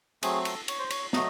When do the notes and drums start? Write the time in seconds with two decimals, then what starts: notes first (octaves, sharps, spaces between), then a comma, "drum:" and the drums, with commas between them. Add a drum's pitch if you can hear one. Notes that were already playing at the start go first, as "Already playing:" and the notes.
0.23 F#3 A3 C4 G#4, drum: cymbal
0.45 A4, drum: cymbal
0.68 C#5, drum: cymbal
0.79 C5
0.90 C#5, drum: cymbal
1.13 F#3 A3 D#5, drum: snare